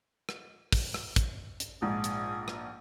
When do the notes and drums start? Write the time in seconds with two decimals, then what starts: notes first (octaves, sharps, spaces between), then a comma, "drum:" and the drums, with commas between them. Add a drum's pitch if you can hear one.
0.29 drum: rim click
0.72 drum: kick, open hi-hat
0.94 drum: rim click
1.16 drum: kick, hi-hat
1.60 drum: hi-hat
1.82 A#1 G#2 G#4
2.04 drum: hi-hat
2.48 drum: rim click